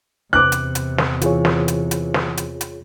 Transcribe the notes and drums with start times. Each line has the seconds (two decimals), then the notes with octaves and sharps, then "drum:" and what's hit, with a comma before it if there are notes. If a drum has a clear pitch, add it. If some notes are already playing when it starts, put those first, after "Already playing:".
0.33 E2 C3 D6 F#6
0.52 drum: hi-hat
0.75 drum: hi-hat
0.98 drum: snare
1.22 E3 F4 G#4 C#5, drum: hi-hat
1.45 drum: snare
1.68 drum: hi-hat
1.91 drum: hi-hat
2.14 drum: snare
2.37 drum: hi-hat
2.61 drum: hi-hat